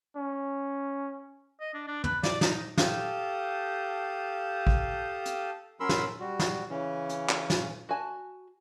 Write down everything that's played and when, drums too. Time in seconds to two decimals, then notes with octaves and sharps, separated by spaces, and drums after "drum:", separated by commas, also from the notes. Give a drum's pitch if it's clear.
0.16 C#4
1.61 D#5
1.74 D4
1.88 D4
2.04 B4, drum: tom
2.23 D5, drum: snare
2.41 D#4, drum: snare
2.78 G4 A4 F5 A5 D#6 G6, drum: snare
4.67 drum: kick A1
5.26 drum: hi-hat
5.80 F#3 C#4 A#4 B5 C6 E6
5.89 drum: snare
6.20 G3 F#4
6.39 drum: snare
6.70 C#3 E3 C#4
7.09 drum: hi-hat
7.29 drum: clap
7.50 drum: snare
7.89 F#4 G#5 A5